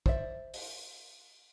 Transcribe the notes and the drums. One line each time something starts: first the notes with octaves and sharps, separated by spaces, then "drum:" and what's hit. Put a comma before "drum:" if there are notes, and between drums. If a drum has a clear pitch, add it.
C5 D5 E5, drum: kick
drum: open hi-hat